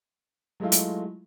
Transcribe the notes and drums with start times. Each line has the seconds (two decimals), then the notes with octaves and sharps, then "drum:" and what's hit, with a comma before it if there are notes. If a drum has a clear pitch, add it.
0.60 F#3 G#3 A3 E4 F4
0.72 drum: hi-hat